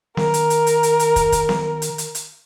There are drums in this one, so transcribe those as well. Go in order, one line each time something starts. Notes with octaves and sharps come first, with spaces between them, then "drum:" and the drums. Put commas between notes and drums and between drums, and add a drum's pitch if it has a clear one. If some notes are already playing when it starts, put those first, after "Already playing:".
D#3 A#4, drum: snare B3
drum: hi-hat
drum: hi-hat
drum: hi-hat
drum: hi-hat
drum: hi-hat
drum: kick, hi-hat
drum: kick, hi-hat
drum: snare B3
drum: hi-hat
drum: hi-hat
drum: hi-hat